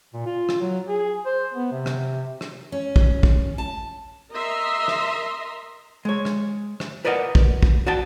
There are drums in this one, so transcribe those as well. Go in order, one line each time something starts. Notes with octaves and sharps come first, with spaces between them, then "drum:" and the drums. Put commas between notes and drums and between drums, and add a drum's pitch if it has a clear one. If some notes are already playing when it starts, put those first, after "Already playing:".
A#2
F4
drum: rim click
F#3
G#4
C5
B3
C3
drum: rim click
drum: rim click
C#4
drum: kick
drum: kick
A5
A#4 D#5 E5 A#5 C6
drum: rim click
G#3 C#5
drum: rim click
drum: rim click
A#4 B4 D5 D#5 F5 F#5
drum: kick
drum: kick
F#4 D5 F#5 G5 A5